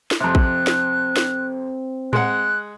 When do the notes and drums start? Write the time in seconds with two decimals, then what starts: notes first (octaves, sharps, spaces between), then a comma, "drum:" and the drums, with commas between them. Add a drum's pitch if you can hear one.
0.11 drum: snare
0.21 F2 C3 C4 F#6
0.35 drum: kick
0.67 drum: snare
1.17 drum: snare
2.13 G#3 F#5 F#6, drum: tom A2